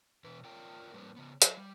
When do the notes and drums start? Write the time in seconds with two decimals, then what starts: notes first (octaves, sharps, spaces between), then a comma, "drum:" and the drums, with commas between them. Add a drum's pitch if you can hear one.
0.24 B2 E3 B4
0.45 F4 A#4 D5 F5 G5
0.94 A2 G3 A#3 C4 B4
1.16 C#3 B3
1.42 F#3, drum: hi-hat
1.57 G3